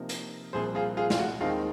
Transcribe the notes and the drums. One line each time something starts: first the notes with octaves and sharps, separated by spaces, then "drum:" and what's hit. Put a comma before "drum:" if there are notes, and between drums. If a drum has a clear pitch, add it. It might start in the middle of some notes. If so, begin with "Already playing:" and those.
Already playing: C3 F3 A#3 D#4
drum: hi-hat
C2 A#2 F3 C4 G#4 C5
F4 G#4
F4 G#4
F4, drum: snare
F#4
D#2 D#3 G#3 C4 D#4 F4